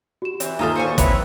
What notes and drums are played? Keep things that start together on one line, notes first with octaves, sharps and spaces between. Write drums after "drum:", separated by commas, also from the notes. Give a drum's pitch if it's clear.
F#4 G4 E7
E3 C4, drum: hi-hat
D#2 D#4 F4 A4 F5 A#5 D#6
A#2 C4 C5 C#5 G#5 C#6
C4 E4 B4 C#5, drum: kick, hi-hat